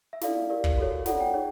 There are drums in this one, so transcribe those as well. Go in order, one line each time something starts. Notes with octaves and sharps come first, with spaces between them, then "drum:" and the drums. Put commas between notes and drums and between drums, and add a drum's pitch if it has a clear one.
E5
E4 A4 D5 F5, drum: snare
G4 A#4 D5
drum: kick
F#4 A4 C#5
F4 A4 D5 F#5, drum: snare
G5
D#4 G#4 C#5